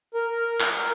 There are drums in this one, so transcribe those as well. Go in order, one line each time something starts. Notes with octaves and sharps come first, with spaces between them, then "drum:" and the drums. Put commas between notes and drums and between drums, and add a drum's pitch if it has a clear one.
A#4
drum: clap